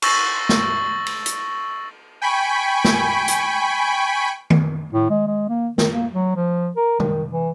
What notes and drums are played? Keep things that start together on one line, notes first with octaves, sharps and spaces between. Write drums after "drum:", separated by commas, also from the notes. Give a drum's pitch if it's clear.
C#6 E6 A6 A#6 F#7, drum: cymbal
drum: snare
drum: cymbal
drum: hi-hat
G5 G#5 B5 C#6 B6 D7
drum: snare
drum: hi-hat
drum: tom D#3
A2
G#3
G#3
A#3
D#3, drum: snare
A#3
F#3
F3
A#4
D#3, drum: tom
E3